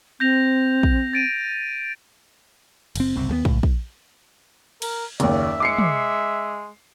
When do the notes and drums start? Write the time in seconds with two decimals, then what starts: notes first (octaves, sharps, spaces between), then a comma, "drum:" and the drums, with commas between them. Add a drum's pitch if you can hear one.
0.20 C4 G6 A#6 F7
0.83 drum: kick
1.13 A6 D7 D#7
2.96 F#1 C4, drum: cymbal
3.16 F#1 C2 C4
3.29 D#2 G3 B3
3.45 C#2 A2, drum: kick
3.63 drum: kick
4.82 A#4, drum: cymbal
5.20 F#1 D#2 D5 E5, drum: hi-hat
5.60 G#3 D6 C7 C#7
5.78 drum: tom